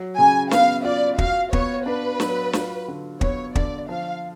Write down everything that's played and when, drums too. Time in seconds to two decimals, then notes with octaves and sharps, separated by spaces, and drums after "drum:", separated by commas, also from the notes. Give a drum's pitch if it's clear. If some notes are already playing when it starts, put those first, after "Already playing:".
Already playing: F#3
0.17 C#3 G#5
0.51 B3 F5, drum: snare
0.85 F4 D5
1.18 F#4 F5, drum: kick
1.53 B3 C#5, drum: kick
1.86 D4 B4
2.20 F#3, drum: snare
2.53 F4, drum: snare
2.88 D3
3.21 B3 C#5, drum: kick
3.55 D3 D5, drum: kick
3.89 F3 F5